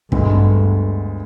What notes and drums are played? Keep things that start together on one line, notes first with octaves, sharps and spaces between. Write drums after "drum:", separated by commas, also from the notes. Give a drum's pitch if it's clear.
D2 G2 D3 G#3 B3, drum: kick